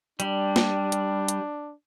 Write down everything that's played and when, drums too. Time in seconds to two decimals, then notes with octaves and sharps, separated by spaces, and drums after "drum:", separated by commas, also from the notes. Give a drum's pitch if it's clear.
0.20 G3 D4, drum: hi-hat
0.56 drum: snare
0.92 drum: hi-hat
1.28 drum: hi-hat